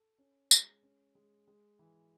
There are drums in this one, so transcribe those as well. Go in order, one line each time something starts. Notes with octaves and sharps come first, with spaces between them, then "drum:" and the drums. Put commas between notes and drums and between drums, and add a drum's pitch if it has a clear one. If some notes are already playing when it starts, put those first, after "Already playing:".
Already playing: A4
C#4
G#3, drum: tambourine
C#4
G#3
G#3
E3